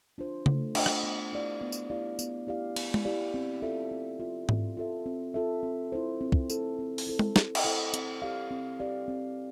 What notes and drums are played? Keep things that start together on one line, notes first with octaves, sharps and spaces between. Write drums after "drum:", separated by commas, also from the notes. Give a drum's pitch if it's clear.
D4 F4 C5
A3, drum: tom C#3
D4 F4 C5, drum: cymbal
drum: rim click
B3
E4 G4 D5 F5
B3
drum: tambourine
E4 G4 D5 F5
B3, drum: tambourine
E4 G4 D5 F5
B3, drum: cymbal
drum: tom G#3
E4 G4 D5 F5
C4
F4 A4 E5
C4
F4 A4 E5
C4, drum: tom G#2
F4 A4 E5
C4
F4 A4 E5
C4
E4 A4 C5
C4
drum: kick
E4 A4 C5, drum: tambourine
C4
drum: open hi-hat
E4 A4 C5
drum: tom G#3
C4, drum: snare
drum: cymbal
E4 A4 C5
C4, drum: hi-hat
G4 D5 F5
C4
G4 D5 F5
C4